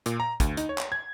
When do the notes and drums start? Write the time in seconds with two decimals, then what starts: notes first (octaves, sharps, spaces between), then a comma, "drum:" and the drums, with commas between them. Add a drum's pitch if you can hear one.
0.06 A#2, drum: hi-hat
0.20 A#5
0.40 D2, drum: kick, hi-hat
0.57 D#4, drum: hi-hat
0.69 C#5
0.78 drum: clap
0.92 G#6